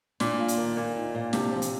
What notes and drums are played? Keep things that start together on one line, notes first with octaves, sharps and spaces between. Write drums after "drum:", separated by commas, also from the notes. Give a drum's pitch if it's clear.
A#2 D4, drum: snare
F4
drum: hi-hat
D#3
A#2 A#3
D#4
A#2
C3 D4, drum: snare
F3
drum: hi-hat